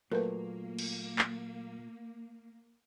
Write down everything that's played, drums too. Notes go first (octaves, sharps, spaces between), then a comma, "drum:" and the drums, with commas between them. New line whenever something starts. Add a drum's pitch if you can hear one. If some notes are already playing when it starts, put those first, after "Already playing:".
A#2 F#3 A3 A#3 A#4 B4
drum: cymbal
drum: clap